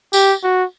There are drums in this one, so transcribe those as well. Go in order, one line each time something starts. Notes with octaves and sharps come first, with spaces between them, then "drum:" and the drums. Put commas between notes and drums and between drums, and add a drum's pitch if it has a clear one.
G4, drum: tambourine
F#4